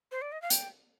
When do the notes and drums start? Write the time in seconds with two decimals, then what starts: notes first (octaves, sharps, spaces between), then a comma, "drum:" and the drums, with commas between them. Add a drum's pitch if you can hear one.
0.12 C5
0.21 D5
0.32 D#5
0.42 F5
0.50 G5, drum: hi-hat